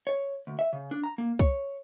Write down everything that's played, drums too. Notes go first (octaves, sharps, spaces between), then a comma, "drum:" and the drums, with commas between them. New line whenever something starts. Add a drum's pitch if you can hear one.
C#5
D2
E5
C#3
D4
A#5
A#3
C#5, drum: kick C2